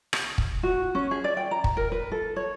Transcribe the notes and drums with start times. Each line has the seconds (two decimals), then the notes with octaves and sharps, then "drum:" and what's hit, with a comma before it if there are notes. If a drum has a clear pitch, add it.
0.13 drum: rim click
0.38 drum: kick
0.63 F#4
0.95 C#4
1.11 G#4
1.24 D5
1.37 G5
1.51 A#5
1.64 drum: kick
1.77 A#4
1.92 B4
2.12 A4
2.36 C#5